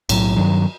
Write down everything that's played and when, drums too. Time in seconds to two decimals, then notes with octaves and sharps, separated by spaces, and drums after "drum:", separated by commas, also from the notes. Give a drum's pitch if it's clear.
0.09 B1 A2 F#3, drum: cymbal
0.36 G2 D#3 F#3